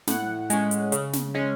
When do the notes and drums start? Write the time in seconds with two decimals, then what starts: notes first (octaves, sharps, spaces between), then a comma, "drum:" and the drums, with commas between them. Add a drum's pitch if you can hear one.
0.07 A2 F#5, drum: snare
0.50 G#3 C#4, drum: hi-hat
0.71 drum: hi-hat
0.92 C#3, drum: hi-hat
1.13 drum: snare
1.34 G#3 C#4